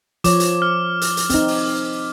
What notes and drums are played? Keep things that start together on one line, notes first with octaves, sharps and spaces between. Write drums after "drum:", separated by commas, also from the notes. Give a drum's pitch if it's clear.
F3 C#5 D6, drum: hi-hat
drum: hi-hat
F6
drum: hi-hat
drum: hi-hat
C4 D#4, drum: hi-hat
drum: open hi-hat